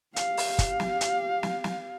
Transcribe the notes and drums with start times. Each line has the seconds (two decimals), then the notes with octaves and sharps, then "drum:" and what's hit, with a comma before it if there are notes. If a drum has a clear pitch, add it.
0.16 G4 F5, drum: hi-hat
0.37 drum: open hi-hat
0.59 drum: kick, hi-hat
0.80 drum: snare
1.01 drum: hi-hat
1.43 drum: snare
1.64 drum: snare